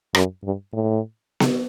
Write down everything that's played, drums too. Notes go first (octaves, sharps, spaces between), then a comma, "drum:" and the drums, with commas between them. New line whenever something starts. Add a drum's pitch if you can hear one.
F#2, drum: rim click
G2
A2
drum: snare B3